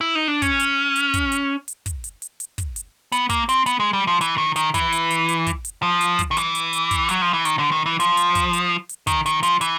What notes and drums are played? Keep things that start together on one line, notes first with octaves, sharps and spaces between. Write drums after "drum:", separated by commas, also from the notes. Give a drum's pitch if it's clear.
E4
D#4
D4
C#4, drum: kick, hi-hat
drum: hi-hat
drum: hi-hat
drum: kick, hi-hat
drum: hi-hat
drum: hi-hat
drum: kick, hi-hat
drum: hi-hat
drum: hi-hat
drum: hi-hat
drum: kick, hi-hat
drum: hi-hat
B3, drum: hi-hat
A#3, drum: kick, hi-hat
C4, drum: hi-hat
B3, drum: hi-hat
G#3
G3
F3
E3, drum: hi-hat
D#3
D#3, drum: hi-hat
E3, drum: kick, hi-hat
drum: hi-hat
drum: hi-hat
drum: hi-hat
drum: kick, hi-hat
drum: hi-hat
F3
drum: hi-hat
drum: kick, hi-hat
D#3
E3, drum: hi-hat
drum: hi-hat
drum: hi-hat
drum: kick, hi-hat
F#3, drum: hi-hat
F3
E3
D#3, drum: hi-hat
D3
D#3
E3
F3, drum: hi-hat
drum: hi-hat
drum: kick, hi-hat
drum: hi-hat
drum: hi-hat
D#3, drum: kick, hi-hat
D#3, drum: hi-hat
F3, drum: hi-hat
E3, drum: hi-hat